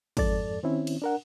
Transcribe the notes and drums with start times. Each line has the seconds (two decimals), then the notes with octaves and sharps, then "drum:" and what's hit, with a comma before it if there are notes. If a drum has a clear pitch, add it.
0.17 F2 G#2 A4 D5 A6, drum: kick, cymbal
0.63 D#3 C4 C#4 E4
0.87 drum: cymbal
1.02 D4 A#4 F#5